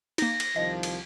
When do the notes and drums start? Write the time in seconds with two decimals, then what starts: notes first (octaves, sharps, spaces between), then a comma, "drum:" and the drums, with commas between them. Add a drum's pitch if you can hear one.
0.18 A#3 D#4 A#6, drum: cymbal
0.40 drum: cymbal
0.56 C2 D#3 F3 D#5
0.83 drum: cymbal